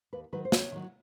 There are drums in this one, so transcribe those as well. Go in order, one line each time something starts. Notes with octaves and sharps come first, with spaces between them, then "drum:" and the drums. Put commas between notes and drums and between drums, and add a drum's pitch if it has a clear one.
D#2 B4
D#3 F#3 B4
C5
D#2 C#5, drum: snare
D#3 F#3